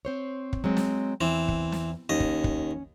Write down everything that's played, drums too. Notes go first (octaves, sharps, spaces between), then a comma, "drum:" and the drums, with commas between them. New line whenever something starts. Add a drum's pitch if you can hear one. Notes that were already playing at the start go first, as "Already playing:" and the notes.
C4 C5 C#5
drum: kick
F#3 G#3 C4
drum: snare
E2 E3 C4
drum: kick
drum: snare
D#2 C#4 D#5
drum: kick
drum: kick